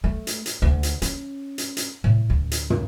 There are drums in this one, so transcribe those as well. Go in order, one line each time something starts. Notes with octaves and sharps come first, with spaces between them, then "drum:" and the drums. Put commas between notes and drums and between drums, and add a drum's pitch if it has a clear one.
A3
drum: hi-hat
drum: hi-hat
D2
drum: hi-hat
C#4, drum: hi-hat
drum: hi-hat
drum: hi-hat
A2
D2
drum: hi-hat
drum: tom